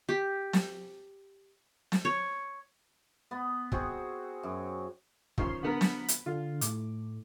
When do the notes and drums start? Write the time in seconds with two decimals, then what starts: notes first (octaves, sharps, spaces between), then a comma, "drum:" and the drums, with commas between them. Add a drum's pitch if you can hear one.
0.09 G4
0.53 drum: snare
1.92 drum: snare
2.05 C#5
3.31 B3
3.72 C4 F#4 G#4, drum: kick
4.43 F#2
5.38 D#3 F3 C#4 C6, drum: kick
5.63 D3 B3 A#4 B5
5.81 drum: snare
6.08 drum: hi-hat
6.26 D3 F4
6.61 A2 D6, drum: hi-hat